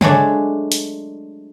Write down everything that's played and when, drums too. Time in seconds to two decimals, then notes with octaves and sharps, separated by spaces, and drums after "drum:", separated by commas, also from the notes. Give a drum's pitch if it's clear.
0.01 F#3 G#3 A3 D4, drum: tom C#3
0.72 drum: hi-hat